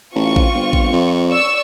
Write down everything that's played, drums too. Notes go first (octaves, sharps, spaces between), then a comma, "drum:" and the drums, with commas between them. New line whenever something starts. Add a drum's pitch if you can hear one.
A1 C4 F4 C#6
drum: kick A1
G1
drum: kick A1
F2
D5 C#6 E6